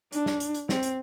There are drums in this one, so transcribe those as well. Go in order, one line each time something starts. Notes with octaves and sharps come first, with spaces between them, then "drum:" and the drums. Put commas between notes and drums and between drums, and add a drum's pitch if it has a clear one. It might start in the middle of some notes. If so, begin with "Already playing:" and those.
D4, drum: hi-hat
drum: snare
drum: hi-hat
drum: hi-hat
C4, drum: snare
drum: hi-hat